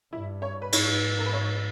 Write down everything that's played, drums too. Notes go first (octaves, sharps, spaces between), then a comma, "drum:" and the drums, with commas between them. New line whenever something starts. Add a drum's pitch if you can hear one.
G2 E4
C#5
B4
G#2 C#5, drum: cymbal
A#4
B4
C#5